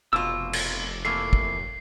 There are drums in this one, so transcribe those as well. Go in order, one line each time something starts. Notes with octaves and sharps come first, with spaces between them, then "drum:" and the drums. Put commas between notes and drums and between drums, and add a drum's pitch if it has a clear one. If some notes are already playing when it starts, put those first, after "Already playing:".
F1 B2 F4 D6 E6
drum: cymbal
E3 A3 A#3 C7
drum: kick